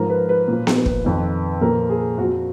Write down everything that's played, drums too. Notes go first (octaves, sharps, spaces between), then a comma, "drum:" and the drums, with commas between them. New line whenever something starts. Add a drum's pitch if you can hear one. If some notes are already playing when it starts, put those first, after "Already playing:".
Already playing: G#2 F3 A#4
B4
B4
A#2 F3
drum: snare B3
drum: kick
F2 D#3
A#2 F3 A#4
G#4
F2 F3 F#4